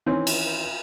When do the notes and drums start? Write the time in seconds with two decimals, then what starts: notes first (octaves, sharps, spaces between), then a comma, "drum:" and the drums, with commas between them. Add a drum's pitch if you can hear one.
0.06 D#3 E3 C4 C#4
0.27 drum: cymbal